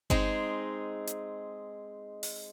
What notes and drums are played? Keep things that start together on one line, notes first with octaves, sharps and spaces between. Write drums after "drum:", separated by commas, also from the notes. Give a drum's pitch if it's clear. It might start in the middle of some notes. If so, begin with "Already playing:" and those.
G#3 C4 D#4 G#4, drum: kick G1
drum: hi-hat
drum: open hi-hat